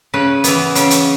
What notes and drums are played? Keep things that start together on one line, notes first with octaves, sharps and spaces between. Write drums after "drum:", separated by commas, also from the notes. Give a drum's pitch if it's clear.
C#3 B4
E3 B3, drum: hi-hat
C#3, drum: hi-hat
drum: hi-hat